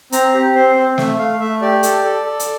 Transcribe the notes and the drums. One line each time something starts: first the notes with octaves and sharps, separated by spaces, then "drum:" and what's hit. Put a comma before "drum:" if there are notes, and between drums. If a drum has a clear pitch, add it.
C4 A#5, drum: hi-hat
G4
C4 C5
C4
A3 E5, drum: snare
A3 F5
A3 E5
G4 D5
A4, drum: hi-hat
A4
A4
drum: hi-hat